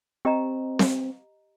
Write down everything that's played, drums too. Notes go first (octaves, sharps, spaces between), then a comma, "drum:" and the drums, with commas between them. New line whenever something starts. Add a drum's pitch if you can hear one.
C4 G4 D#5 A#5
drum: snare C4